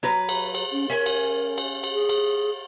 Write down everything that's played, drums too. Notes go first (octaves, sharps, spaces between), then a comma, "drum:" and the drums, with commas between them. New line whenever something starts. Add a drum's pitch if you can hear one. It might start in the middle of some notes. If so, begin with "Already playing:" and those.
F#3 B4 A#5, drum: snare
drum: cymbal
drum: cymbal
C#4
C#4 A#4 G#5
drum: cymbal
drum: cymbal
drum: cymbal
G#4
drum: cymbal